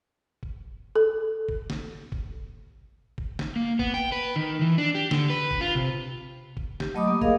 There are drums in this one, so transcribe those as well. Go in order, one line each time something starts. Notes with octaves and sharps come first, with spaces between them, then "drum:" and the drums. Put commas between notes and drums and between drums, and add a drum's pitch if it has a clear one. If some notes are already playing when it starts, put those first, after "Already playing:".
drum: kick
A4
drum: kick
drum: snare
drum: kick
drum: kick
drum: snare
A#3
B3, drum: kick
G5
B4
D#3
E3
D4
G4
D3, drum: snare
B4
drum: kick
F4
C3
drum: kick
G4, drum: snare
F#3 A3 D#5 B5 D6 D#6
A#3
G#4 A#4 D#5 F5, drum: kick